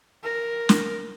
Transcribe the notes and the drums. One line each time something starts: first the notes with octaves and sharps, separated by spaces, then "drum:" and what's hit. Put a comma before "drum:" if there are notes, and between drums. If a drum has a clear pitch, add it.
A#4
drum: snare